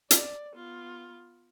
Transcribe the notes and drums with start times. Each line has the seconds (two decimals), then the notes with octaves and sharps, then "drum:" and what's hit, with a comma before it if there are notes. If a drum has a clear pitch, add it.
0.11 D5, drum: hi-hat
0.54 B3 F4